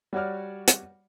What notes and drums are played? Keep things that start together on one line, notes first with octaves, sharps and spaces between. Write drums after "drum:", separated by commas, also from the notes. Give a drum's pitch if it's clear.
G3 F#4 C#5 D5 F6
drum: hi-hat